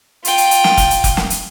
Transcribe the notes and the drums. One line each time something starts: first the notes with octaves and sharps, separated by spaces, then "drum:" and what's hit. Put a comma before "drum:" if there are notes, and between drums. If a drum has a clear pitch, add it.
F4 G5, drum: hi-hat
drum: hi-hat
drum: hi-hat
drum: snare
drum: kick F1, hi-hat
drum: hi-hat
drum: kick F1, hi-hat
drum: snare
drum: hi-hat